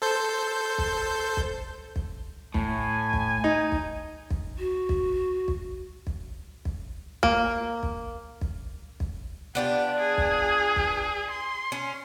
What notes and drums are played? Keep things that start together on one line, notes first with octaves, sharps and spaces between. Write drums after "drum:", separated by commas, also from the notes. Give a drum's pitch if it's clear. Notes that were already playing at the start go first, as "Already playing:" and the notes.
A4 C5 G6
drum: kick
drum: kick
drum: kick
A2 G#5, drum: kick
drum: kick
D#4
drum: kick
drum: kick
F#4
drum: kick
drum: kick
drum: kick
drum: kick
A#3, drum: kick
drum: kick
drum: kick
drum: kick
B3 D4 F4 G4
G#4
drum: kick
drum: kick
C6
C#4